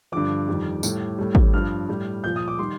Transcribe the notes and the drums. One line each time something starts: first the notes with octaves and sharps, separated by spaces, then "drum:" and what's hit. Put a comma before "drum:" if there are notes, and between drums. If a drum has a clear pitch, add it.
G2 D3 F3 D6
F2 D#3 G3
A2 G3, drum: tambourine
A2 G3
drum: kick
G2 F3 F6
A2 G3
A#2 F3 G6
D#6
D6
D#3 G3 C6